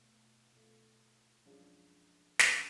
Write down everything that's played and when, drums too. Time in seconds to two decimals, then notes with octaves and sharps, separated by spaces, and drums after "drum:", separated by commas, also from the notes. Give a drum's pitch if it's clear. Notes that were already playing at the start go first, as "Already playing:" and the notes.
Already playing: B2 A3 F4
0.52 B2 A3 F4 A4
1.46 F#2 F3 G#3 D4
2.39 F#2 F3 G#3 D4, drum: snare